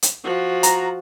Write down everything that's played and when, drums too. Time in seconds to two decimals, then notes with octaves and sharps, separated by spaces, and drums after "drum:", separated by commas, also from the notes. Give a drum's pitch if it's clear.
0.02 drum: hi-hat
0.24 F3 F#4
0.63 A#5, drum: hi-hat